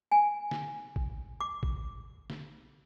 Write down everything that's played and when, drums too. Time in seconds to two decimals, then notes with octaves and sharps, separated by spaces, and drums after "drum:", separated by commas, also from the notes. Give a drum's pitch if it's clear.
0.12 G#5
0.51 drum: snare
0.96 drum: kick A1
1.41 D6
1.63 drum: kick A1
2.30 drum: snare